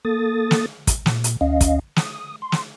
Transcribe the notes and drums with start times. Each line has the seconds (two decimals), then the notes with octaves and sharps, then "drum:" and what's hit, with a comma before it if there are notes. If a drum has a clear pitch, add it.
0.05 A#3 A4 D#6 A6
0.51 drum: snare
0.87 drum: kick, hi-hat
1.06 A#2, drum: snare
1.24 drum: hi-hat
1.41 D2 C#4 D#5 F5
1.61 drum: kick, hi-hat
1.96 D#6, drum: snare
2.42 C6
2.52 drum: snare